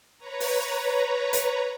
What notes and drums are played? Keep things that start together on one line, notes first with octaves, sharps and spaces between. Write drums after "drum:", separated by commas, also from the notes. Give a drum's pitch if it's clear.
B4 C#5 A#5
drum: open hi-hat
drum: hi-hat